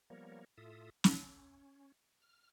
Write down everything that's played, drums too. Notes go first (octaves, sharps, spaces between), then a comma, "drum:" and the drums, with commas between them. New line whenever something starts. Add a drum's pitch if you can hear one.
F3 G3 A#3 B3 A#4 C#5
A2 F4 A4 E5 D#6
C#4, drum: snare
F6